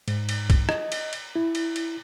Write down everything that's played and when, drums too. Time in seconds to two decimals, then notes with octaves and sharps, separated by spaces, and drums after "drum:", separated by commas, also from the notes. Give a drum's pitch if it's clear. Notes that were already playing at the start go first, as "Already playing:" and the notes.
0.08 G#2, drum: cymbal
0.29 drum: cymbal
0.50 drum: kick, cymbal
0.69 D#5, drum: rim click
0.92 drum: cymbal
1.13 drum: cymbal
1.36 E4
1.55 drum: cymbal
1.76 drum: cymbal